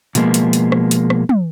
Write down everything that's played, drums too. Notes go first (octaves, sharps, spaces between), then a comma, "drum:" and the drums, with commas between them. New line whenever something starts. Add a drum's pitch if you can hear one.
B2 F3 G#3 A#3 B3, drum: hi-hat
drum: hi-hat
drum: hi-hat
drum: rim click
drum: hi-hat
drum: rim click
drum: tom